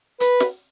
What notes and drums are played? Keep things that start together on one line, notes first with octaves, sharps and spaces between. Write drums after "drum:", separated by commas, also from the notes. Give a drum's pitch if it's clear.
B4, drum: hi-hat
drum: snare